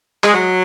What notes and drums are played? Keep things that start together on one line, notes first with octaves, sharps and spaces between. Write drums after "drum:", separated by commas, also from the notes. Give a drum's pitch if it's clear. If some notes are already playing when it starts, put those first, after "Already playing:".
G#3, drum: clap
F#3